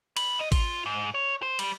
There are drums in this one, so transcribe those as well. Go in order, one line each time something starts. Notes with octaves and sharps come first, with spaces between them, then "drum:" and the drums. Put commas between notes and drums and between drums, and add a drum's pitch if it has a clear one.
B5, drum: cymbal
D#5
F4, drum: kick A1, cymbal
G#2
C#5
C5
G3, drum: cymbal